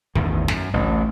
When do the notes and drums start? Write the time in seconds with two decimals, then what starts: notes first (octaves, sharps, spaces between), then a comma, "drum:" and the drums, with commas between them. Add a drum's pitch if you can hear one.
0.15 A1 E2 A2 D#3, drum: kick
0.48 F#2, drum: snare
0.73 A1 D2